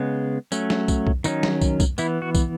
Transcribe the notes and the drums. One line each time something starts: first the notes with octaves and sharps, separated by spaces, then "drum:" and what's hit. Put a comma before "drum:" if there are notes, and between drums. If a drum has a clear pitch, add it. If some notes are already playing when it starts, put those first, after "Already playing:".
Already playing: C#3 G#3 B3
F#3 A3 C#4, drum: tambourine
drum: snare
drum: kick, tambourine
drum: kick
D#3 F#3 C#4 D#4, drum: tambourine
drum: snare
drum: kick, tambourine
drum: kick, tambourine
E3 B3 E4, drum: tambourine
F#4
drum: kick, tambourine